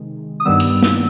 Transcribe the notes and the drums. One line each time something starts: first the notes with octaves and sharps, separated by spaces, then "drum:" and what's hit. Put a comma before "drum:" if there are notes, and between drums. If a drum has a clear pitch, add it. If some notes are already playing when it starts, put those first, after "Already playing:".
Already playing: C3 D#3 G#3
D#6
G2 D#3 G3 B3 E6
drum: cymbal
drum: snare